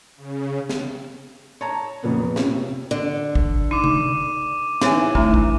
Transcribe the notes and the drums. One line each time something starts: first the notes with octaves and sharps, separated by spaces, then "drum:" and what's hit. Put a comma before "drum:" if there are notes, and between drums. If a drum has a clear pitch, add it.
C#3
drum: snare
C#5 A5 A#5
F2 A#2 C#3 B3 C#4
C#4, drum: snare
C3
D3
drum: kick
D#4 D6 D#7
drum: tom C3
E3 D#4 C#5 G#5, drum: snare
A3 D4 D#4, drum: kick
drum: kick